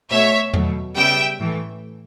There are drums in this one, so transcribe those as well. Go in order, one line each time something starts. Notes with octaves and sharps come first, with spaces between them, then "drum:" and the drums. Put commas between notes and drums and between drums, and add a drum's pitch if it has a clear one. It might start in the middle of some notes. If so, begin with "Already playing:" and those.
B2 A3 C#5 E5
B2 F#3 A3, drum: tom E2
C#3 G3 B3 E5 G5
A2 E3 A3